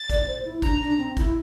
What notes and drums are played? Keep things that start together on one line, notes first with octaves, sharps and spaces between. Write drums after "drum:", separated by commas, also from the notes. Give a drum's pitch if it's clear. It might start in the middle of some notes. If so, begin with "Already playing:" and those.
Already playing: A6
D5, drum: kick, hi-hat
C5
E4
D4 A#5, drum: kick, hi-hat
D4
C4
E4, drum: kick, hi-hat